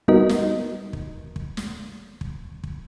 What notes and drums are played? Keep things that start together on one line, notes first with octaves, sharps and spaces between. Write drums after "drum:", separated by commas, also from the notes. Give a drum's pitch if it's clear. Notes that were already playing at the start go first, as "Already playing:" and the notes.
G3 B3 D#4 F#4 A#4 D#5, drum: kick
drum: snare
drum: kick
drum: kick
drum: snare
drum: kick
drum: kick